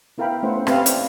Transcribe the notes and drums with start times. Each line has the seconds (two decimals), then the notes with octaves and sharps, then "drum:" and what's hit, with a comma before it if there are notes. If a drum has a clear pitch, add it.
0.18 B3 E4 A#4 F5 G5 B5
0.43 A3 B3 C#4 E4 C5 F#5
0.67 C4 G4 B4 E5 F5, drum: rim click
0.86 E4 D5, drum: hi-hat